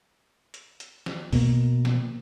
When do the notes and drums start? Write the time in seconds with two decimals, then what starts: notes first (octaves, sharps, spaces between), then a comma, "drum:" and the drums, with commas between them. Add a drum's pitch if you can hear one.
0.54 drum: hi-hat
0.80 drum: hi-hat
1.06 drum: snare
1.33 B2 A#3, drum: kick, open hi-hat
1.85 drum: snare